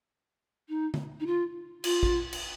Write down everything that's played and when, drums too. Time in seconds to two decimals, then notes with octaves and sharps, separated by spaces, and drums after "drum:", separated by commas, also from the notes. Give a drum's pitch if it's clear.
0.69 D#4
0.94 drum: tom D3
1.20 D#4
1.26 F4
1.84 F4, drum: cymbal
2.03 drum: kick
2.33 drum: cymbal